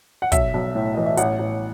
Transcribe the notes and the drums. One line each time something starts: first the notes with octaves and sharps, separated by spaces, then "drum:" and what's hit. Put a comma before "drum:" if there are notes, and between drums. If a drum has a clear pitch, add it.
F#5
B1 E5, drum: kick, hi-hat
B1
A2
E3 D#5
E5
A1 F#5, drum: hi-hat
A1